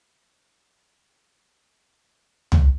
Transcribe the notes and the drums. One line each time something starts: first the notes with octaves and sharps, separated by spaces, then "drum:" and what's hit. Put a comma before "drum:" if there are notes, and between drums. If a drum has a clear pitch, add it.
F#6
F#4
A4
drum: tom